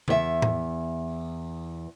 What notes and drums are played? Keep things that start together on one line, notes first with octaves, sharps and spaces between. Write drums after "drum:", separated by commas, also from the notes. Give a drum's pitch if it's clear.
E2 E5, drum: tom
drum: tom A2